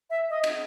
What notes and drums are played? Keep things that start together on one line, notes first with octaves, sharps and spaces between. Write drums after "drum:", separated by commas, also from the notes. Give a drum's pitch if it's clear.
E5
D#5
drum: cymbal